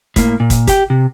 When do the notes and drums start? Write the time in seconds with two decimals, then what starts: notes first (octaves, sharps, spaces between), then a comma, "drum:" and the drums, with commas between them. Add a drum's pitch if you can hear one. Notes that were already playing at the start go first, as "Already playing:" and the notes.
0.16 A2 A#3, drum: kick, hi-hat
0.40 A#2
0.50 drum: kick, hi-hat
0.67 G4 G5, drum: kick, hi-hat
0.90 C3